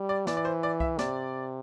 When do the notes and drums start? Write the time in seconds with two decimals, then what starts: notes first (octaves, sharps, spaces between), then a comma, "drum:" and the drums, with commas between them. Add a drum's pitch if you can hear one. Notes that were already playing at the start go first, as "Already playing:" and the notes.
Already playing: G3
0.09 D5
0.27 E3 D5, drum: snare
0.37 D5
0.45 C5
0.63 D5
0.80 E5, drum: kick C2
0.99 C3 D5, drum: snare